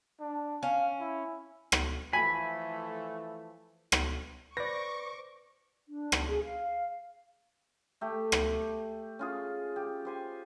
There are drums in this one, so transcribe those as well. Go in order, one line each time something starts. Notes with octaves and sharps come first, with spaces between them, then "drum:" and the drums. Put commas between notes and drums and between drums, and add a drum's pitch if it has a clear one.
D4
C#4 F5
E4
drum: rim click
E3 F3 A3 G#5 B5
drum: rim click
B4 C5 D5 C#6 D6 A#6
D4
drum: rim click
G#4
F5
A3 G4
drum: rim click
C#4 F4 G#4
G4
G4 C5 G#5